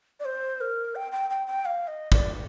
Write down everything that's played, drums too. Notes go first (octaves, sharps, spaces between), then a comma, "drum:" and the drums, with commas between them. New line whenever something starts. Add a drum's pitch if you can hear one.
D5
C5
A#4
G5
G5
G5
G5
F5
D#5
D5, drum: kick